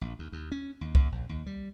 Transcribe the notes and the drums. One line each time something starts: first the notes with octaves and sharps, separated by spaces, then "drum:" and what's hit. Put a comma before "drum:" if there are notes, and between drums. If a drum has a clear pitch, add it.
A#1
D#2
D#2
C#4
D#2
D#2, drum: kick C2
A#1
D#2
G3